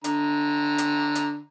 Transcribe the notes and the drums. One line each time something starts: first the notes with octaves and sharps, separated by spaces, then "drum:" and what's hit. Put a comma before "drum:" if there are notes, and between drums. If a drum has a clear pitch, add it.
D3 A#5, drum: hi-hat
drum: hi-hat
drum: hi-hat